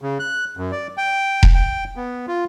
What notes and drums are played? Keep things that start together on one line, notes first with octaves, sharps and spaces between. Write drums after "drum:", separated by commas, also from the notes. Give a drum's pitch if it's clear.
C#3
F#6
F#2
D5
G5
drum: kick E1
G5
B3
F4